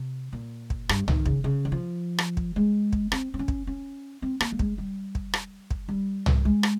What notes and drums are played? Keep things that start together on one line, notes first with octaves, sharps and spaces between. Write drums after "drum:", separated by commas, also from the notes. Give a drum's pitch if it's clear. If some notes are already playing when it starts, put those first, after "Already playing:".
Already playing: C3
A#2
drum: kick
G2, drum: rim click
D#3, drum: tom
C#3, drum: kick
C#3
D#3
F3
drum: rim click
drum: kick
G#3
drum: kick
C4, drum: rim click
C4
C#4
drum: kick
C#4
C4
A#3, drum: rim click
G3
G#3, drum: kick
G3
drum: kick
drum: rim click
drum: kick
G3
drum: tom
G#3
drum: rim click